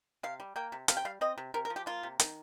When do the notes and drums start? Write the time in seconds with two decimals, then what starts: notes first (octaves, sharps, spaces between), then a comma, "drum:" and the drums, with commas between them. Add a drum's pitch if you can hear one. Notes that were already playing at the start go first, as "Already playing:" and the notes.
0.23 C3 F5
0.40 G3
0.56 A#3 G5
0.72 C3
0.88 C3 F5, drum: hi-hat
0.97 G5
1.05 G3 F5
1.21 C4 D#5
1.38 C3
1.54 C3 A#4
1.65 A#4
1.70 F3
1.76 G4
1.86 A#3 F4
2.03 C3
2.20 D#3, drum: hi-hat